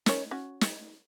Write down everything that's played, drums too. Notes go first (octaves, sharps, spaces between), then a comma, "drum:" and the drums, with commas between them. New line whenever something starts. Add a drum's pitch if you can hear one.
C#4 A#4 C#5, drum: snare
C#4 F#4
drum: snare